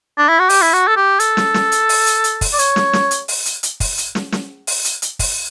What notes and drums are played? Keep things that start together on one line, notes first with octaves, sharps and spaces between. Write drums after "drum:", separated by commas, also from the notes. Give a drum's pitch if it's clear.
D4
E4
F#4
G4, drum: open hi-hat
E4
F#4
A4
G4
A4, drum: hi-hat
drum: snare
drum: snare
drum: hi-hat
drum: open hi-hat
drum: hi-hat
drum: hi-hat
drum: kick, open hi-hat
D5
C#5, drum: hi-hat
drum: snare
drum: snare
drum: hi-hat
drum: open hi-hat
drum: hi-hat
drum: hi-hat
drum: kick, open hi-hat
drum: hi-hat
drum: snare
drum: snare
drum: open hi-hat
drum: hi-hat
drum: hi-hat
drum: kick, open hi-hat